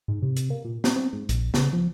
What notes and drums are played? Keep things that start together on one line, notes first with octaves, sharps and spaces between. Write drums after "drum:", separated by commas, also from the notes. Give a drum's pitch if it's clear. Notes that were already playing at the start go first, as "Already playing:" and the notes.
G#2
C3
drum: hi-hat
A#3
A#2
C4, drum: snare
C4
G#2
A#1, drum: hi-hat
C#3, drum: snare
F3